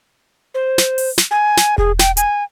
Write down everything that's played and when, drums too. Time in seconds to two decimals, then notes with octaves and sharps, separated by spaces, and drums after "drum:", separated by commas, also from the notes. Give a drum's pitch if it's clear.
0.54 C5
0.78 drum: snare
0.98 drum: open hi-hat
1.18 drum: snare
1.31 G#5
1.57 drum: snare
1.78 G#4, drum: kick E1
1.99 G5, drum: snare
2.17 G#5, drum: hi-hat